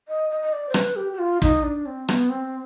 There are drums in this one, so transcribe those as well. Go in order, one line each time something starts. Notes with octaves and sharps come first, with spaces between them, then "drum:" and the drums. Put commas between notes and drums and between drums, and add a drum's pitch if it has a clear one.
D#5
D#5
D#5
D5
C5
B4, drum: rim click
G4
G4
F4
D#4, drum: kick
D4
C4
B3, drum: rim click
C4